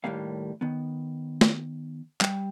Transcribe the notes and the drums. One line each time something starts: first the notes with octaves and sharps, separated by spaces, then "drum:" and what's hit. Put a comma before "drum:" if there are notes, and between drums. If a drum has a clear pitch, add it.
D#2 A2 C#3 G3 A#3 F5
D#3 B3
drum: snare
G3, drum: clap